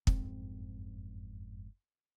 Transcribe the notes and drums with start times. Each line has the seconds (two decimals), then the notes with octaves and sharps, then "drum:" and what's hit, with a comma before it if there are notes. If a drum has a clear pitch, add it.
0.07 F#1 F2 G#2 C4, drum: kick